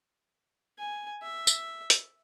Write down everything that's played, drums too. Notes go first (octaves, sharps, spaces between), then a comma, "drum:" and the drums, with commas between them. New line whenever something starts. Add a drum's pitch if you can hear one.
G#5
E5
drum: tambourine
drum: hi-hat